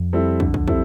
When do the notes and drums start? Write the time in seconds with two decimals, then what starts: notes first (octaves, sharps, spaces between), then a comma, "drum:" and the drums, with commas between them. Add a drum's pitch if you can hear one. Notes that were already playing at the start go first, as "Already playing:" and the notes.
Already playing: F2
0.13 G3 C4 E4 A4
0.40 D3, drum: kick
0.54 drum: kick
0.68 G3 C4 E4 A4, drum: kick